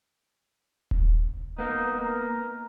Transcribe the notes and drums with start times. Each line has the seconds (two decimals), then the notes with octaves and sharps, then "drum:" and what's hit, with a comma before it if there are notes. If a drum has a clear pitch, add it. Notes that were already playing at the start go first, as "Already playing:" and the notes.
0.91 drum: kick D#1
1.58 A#3 B3 D#4
2.00 A#4